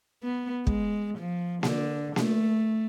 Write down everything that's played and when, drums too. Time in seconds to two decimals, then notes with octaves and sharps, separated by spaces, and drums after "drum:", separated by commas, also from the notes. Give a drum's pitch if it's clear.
0.23 B3
0.67 G#3, drum: kick
1.18 F3
1.63 D3, drum: snare A#3
2.16 A3, drum: snare A#3